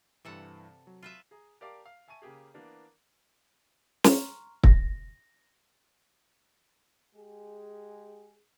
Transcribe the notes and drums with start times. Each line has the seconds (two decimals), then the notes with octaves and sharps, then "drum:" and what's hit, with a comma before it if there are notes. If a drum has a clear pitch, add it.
0.25 G2 C3 E3 A4 F#5
0.87 F#3
1.03 F4 B4 E5
1.31 G#4 A#5
1.61 G4 A#4 D5 F5 A5 D6
1.86 F5
2.08 E5 G#5 A5 C#6 D#7
2.22 C#3 A#3 G4 G#4
2.54 E3 A#3 B3 D4 A#4 D5
4.04 A#5 C6 C#6 F6, drum: snare
4.64 A#6, drum: kick
7.16 G#3 G4 G#4